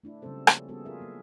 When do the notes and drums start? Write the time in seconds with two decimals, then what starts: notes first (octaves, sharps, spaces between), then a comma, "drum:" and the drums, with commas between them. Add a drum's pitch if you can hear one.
0.04 A3 D4 E4
0.22 C#3 F#3 G3 C4 A4 C5
0.47 F3 A#3 C#4 E4, drum: rim click
0.68 G3 B3 F#4 G#4 A4
0.85 F4 G#4 A#4 E5
1.00 F#3 A#3